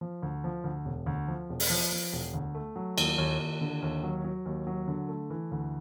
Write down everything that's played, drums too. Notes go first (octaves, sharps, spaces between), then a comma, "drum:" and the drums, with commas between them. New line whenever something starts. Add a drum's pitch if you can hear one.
F3
D2
F3
D2
E1
D2
F3
E1
drum: open hi-hat
F3
F3
E1
D2
A3
F#3
D#2, drum: cymbal
D#2
D#2
D3
D#2
F#3
F#3
D#2
F#3
D3
A3
E3
D2